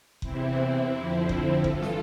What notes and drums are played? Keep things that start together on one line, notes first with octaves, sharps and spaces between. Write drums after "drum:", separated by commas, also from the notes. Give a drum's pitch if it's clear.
E2 C3 E3 C4 E4, drum: kick F#1
F2 D3 F3
drum: kick F#1
G2 E3 F4 A4, drum: kick F#1
drum: snare